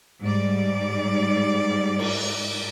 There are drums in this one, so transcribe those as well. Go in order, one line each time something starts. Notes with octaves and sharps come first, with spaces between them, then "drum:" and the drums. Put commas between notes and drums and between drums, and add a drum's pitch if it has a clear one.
G#2 G3 D5
drum: cymbal